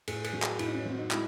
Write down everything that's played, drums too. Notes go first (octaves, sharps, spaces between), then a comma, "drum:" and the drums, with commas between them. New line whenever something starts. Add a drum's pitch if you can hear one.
A2 G#4, drum: cymbal
G#4, drum: cymbal
F#3
G#4, drum: clap
A2 E4, drum: cymbal
D#4
C#4
F#3 C4
D#4
G#3 E4, drum: clap